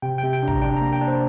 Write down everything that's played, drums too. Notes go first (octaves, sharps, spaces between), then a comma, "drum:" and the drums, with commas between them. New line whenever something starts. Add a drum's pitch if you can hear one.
C3 G5
C3 G5
G5
D4
A#5, drum: kick
D4 G5
A#3 A#5
G5
D4
C5